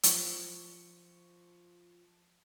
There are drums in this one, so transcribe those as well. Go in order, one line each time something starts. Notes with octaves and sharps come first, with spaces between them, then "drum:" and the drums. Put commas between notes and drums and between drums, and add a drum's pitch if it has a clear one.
F3 C#6, drum: hi-hat